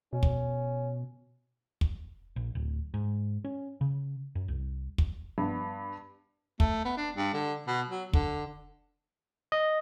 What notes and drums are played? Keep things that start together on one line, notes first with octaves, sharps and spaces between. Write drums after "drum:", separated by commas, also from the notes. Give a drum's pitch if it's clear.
B2 C#4
drum: kick
drum: kick
A#1
D1
G#2
C#4
C#3
F#2
C2
drum: kick
G2 B3
A3, drum: kick
B3
D4
G2
D3
B2
F#3
D3, drum: kick
D#5